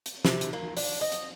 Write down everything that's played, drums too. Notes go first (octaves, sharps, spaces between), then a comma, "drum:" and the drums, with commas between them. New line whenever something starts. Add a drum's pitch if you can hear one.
drum: hi-hat
C3, drum: snare
drum: hi-hat
A#3
D4, drum: open hi-hat
D#5
drum: hi-hat